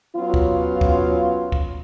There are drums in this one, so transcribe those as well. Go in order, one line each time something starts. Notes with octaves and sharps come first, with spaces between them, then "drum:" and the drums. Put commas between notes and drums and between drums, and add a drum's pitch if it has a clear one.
F#3 B3 C#4 F4
drum: kick C#2
drum: kick C#2
drum: kick C#2